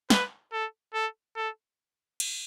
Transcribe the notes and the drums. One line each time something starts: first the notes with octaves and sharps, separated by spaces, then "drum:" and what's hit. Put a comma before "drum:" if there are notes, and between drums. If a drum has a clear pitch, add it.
B4, drum: snare
A4
A4
A4
drum: cymbal